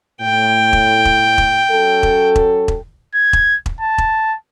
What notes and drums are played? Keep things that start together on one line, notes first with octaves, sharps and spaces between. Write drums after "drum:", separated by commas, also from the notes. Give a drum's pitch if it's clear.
A2 G5
drum: kick E1
drum: kick E1
drum: kick E1
F#3 C#4 A4
drum: kick E1
drum: kick E1
drum: kick E1
G#6
drum: kick E1
drum: kick E1
A5
drum: kick E1